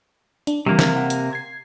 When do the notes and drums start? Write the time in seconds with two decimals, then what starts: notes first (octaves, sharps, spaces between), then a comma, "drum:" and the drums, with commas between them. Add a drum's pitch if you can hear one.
0.47 D4, drum: hi-hat
0.66 C3 E3 G3 A#3
0.79 drum: snare
0.96 F#5
1.10 drum: hi-hat
1.33 G#6 C7